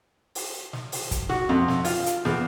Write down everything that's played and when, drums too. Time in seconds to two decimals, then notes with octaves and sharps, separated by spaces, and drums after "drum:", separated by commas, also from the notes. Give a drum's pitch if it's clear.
0.35 drum: open hi-hat
0.73 drum: snare
0.92 drum: open hi-hat
1.11 drum: kick, hi-hat
1.29 F#4, drum: snare
1.49 F2
1.68 drum: snare
1.84 F4, drum: open hi-hat
2.06 drum: hi-hat
2.25 E2, drum: snare